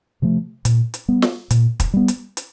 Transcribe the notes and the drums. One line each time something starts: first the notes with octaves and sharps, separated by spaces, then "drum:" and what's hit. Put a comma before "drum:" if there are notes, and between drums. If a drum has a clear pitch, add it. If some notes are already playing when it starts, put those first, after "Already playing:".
C3 F3 A3
A#2, drum: hi-hat
drum: hi-hat
G3 B3
drum: snare
A#2, drum: hi-hat
drum: kick, hi-hat
G3 B3
drum: hi-hat
drum: hi-hat